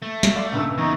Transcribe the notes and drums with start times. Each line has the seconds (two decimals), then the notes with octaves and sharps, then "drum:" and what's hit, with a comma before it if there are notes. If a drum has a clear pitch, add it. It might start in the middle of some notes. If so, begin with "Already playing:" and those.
0.02 A3
0.23 drum: snare
0.36 D5 F5 C6
0.52 C#2 G2 A#2 E5 E6
0.78 E2 D#4 C#6